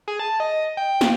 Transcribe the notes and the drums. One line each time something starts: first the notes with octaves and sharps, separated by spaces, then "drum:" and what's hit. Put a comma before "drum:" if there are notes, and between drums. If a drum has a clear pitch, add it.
G#4
A5
D#5
G5
drum: snare